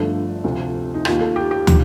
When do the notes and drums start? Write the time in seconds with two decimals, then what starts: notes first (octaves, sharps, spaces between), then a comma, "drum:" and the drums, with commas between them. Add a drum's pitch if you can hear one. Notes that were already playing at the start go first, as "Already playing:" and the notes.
Already playing: G1 G2 D3 F3 A3
0.44 D2 C3 F3
0.94 D#4
1.05 D#2 D#3 F4, drum: rim click
1.21 A4
1.36 G4
1.51 G4
1.67 D3 F3, drum: tom